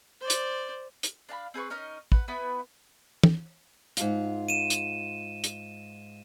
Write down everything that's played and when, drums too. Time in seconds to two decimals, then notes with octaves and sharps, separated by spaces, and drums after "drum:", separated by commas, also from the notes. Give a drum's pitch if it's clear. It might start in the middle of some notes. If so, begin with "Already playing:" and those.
0.21 C5 D5
0.30 drum: hi-hat
1.03 drum: hi-hat
1.29 D4 F5 A5 B5
1.54 C4 G#4 B4 C#6
1.70 C#4 D#4 A#4 D#5
2.12 B4 F#5, drum: kick
2.28 B3 E4 B4 B5
3.23 drum: tom
3.97 G#2 F4, drum: hi-hat
4.49 D#7 E7
4.70 drum: hi-hat
5.44 drum: hi-hat